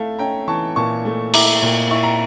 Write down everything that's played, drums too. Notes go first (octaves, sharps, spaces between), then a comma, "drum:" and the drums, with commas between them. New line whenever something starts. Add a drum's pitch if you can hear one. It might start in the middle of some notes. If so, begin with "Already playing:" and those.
Already playing: A3 E4 F5 A5
C#4 G5 A#5
E3 A5 C#6
A#2 A5 C#6
A3
E4 A#5 D6, drum: cymbal
A#2
E4 C#6
A#5